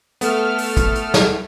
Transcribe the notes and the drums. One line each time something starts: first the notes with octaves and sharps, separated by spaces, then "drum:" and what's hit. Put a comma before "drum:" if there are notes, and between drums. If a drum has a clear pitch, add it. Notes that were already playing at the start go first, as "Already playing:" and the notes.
A3 B3 A4 F6, drum: hi-hat
drum: open hi-hat
drum: kick, hi-hat
drum: hi-hat
drum: snare